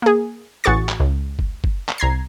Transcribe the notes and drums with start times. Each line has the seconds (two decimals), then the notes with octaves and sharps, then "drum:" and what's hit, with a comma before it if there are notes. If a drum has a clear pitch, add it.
0.02 A#3 G#4
0.64 A1 F#4 G#4 C#6 A6
0.89 drum: clap
1.00 C#2
1.39 drum: kick
1.64 drum: kick
1.89 drum: clap
1.98 C2 A#5 G#6 C7